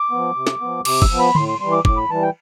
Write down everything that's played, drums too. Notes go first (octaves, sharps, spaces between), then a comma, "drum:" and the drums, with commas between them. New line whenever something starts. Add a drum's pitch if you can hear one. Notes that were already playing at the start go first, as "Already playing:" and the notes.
Already playing: D6
F3 B3
C3
drum: snare
F3 B3
C3 D6, drum: cymbal
E6, drum: kick
F3 B3
B5
A2 C6, drum: tom D3
C6
E3 G3 C6
D6
A2 D6, drum: kick
B5
E3 G3 A5
G5